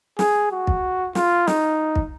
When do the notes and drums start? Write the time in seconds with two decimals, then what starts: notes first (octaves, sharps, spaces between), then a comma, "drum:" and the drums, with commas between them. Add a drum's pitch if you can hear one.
0.19 G#4, drum: snare
0.52 F#4
0.67 drum: kick
1.15 F4, drum: snare
1.47 D#4, drum: snare
1.95 drum: kick